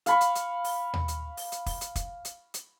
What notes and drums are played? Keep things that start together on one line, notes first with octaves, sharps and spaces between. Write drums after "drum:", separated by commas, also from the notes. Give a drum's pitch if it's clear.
F5 B5 C#6, drum: hi-hat
drum: hi-hat
drum: hi-hat
drum: open hi-hat
drum: tom D#2
drum: hi-hat
drum: open hi-hat
drum: hi-hat
drum: kick, open hi-hat
drum: hi-hat
drum: kick, hi-hat
drum: hi-hat
drum: hi-hat